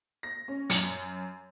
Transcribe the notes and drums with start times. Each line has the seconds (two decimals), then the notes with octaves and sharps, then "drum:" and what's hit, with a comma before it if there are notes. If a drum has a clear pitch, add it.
0.23 A#6
0.48 C#4
0.70 F#2, drum: hi-hat